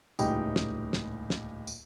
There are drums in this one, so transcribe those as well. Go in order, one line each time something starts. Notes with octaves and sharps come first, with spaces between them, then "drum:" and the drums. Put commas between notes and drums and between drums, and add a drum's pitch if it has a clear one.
D#1 C#2 A2 D#4 G4 G5, drum: tambourine
drum: snare
drum: snare
drum: snare
drum: tambourine